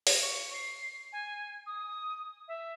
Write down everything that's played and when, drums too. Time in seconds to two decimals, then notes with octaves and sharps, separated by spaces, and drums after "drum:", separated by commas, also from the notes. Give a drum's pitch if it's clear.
0.07 drum: open hi-hat
0.22 C#6
0.53 C7
1.12 G#5
1.66 D#6
2.48 E5